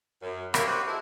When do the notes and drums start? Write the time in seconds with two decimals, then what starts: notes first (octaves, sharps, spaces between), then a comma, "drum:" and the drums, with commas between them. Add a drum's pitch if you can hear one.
0.22 F#2
0.54 G2 A#3 G4 C#5 E5, drum: rim click
0.67 C4 D#4 F#4 G4 B4 C5
0.87 F#3 G#3 E4 A4